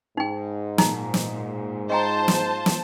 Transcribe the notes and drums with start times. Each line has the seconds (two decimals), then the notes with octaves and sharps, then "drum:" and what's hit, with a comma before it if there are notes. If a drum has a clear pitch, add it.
0.17 G#2 D#4 G5
0.78 A#2 D#4 A#5, drum: snare
1.14 drum: snare
1.90 F4 C5 D#5 G5 A5 A#5
2.28 drum: snare
2.66 drum: snare